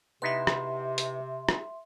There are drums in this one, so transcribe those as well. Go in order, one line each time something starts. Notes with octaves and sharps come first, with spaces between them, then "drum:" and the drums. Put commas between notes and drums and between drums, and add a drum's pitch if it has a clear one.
C3 B3 D#4 E4 E5 C6
drum: rim click
drum: hi-hat
drum: rim click